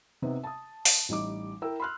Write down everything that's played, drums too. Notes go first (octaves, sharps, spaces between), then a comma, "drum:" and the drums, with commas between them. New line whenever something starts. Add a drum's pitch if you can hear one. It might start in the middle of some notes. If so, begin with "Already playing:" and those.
C3 B3 C4 D#4
A5 D#6
drum: open hi-hat
A1 G3 D#4 D#5 D6
E4 A#4 G5 E6
B5 C6 F6 F#6